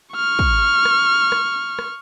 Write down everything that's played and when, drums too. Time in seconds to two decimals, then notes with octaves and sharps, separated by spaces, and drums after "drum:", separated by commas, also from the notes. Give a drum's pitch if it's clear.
0.16 C#6 F6
0.39 drum: kick
0.85 drum: rim click
1.32 drum: rim click
1.79 drum: rim click